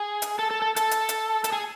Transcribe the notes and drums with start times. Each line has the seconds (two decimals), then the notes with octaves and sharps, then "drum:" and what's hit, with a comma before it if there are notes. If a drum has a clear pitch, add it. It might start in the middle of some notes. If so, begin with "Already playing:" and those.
Already playing: G#4
0.22 drum: hi-hat
0.39 A4
0.51 A4
0.62 A4
0.76 A4, drum: hi-hat
0.91 drum: hi-hat
1.09 drum: hi-hat
1.44 A4, drum: hi-hat
1.52 G#4